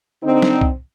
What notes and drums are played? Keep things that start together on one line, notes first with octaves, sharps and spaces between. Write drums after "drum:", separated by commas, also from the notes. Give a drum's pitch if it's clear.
D3 C4 D#4
drum: snare
drum: kick